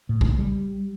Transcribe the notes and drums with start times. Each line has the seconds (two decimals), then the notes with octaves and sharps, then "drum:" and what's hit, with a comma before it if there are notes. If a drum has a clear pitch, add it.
0.09 A2
0.21 drum: kick A#1
0.39 G3